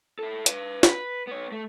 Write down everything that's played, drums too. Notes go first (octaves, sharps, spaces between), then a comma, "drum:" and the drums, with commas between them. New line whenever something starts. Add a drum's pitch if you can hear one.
E4 A4
B4 F5, drum: hi-hat
B4, drum: snare
B3 C#5
A3